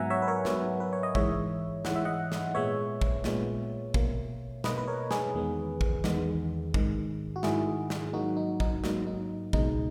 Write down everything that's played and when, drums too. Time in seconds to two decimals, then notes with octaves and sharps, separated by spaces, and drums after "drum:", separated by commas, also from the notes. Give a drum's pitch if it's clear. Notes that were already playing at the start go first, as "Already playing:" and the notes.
Already playing: G#2 F#3 B3 E5 F#5 G#5 A#5
0.10 C#5 E5
0.22 B4
0.28 A#4 C#5
0.45 G#2 F#3 B3, drum: snare
0.80 B4
0.93 C#5
1.03 D#5
1.15 G#2 E3 G#3 C#5 E5, drum: kick
1.85 G#2 E3 G#3 F#5, drum: snare
1.96 E5
2.05 D#5 F#5
2.32 drum: snare
2.55 A#2 G#3 B3 C#5 E5
3.01 drum: kick
3.24 A#2 G#3 B3, drum: snare
3.94 B2 A#3, drum: kick
4.64 B2 A#3 B4 D#5, drum: snare
4.78 B4
4.88 A#4 C#5
5.11 G#4 B4, drum: snare
5.34 E2 D#3 G#3 B3
5.81 drum: kick
6.04 E2 D#3 G#3 B3, drum: snare
6.74 G#2 D#3 G#3, drum: kick
7.36 F#4
7.43 G#2 D#3 G#3 E4 G#4, drum: snare
7.90 drum: snare
8.13 G#2 F#3 A#3 D#4 F#4
8.37 D#4
8.60 D#4, drum: kick
8.84 G#2 F#3 A#3, drum: snare
9.06 D#4
9.53 C#2 B2 G#3 D#4, drum: kick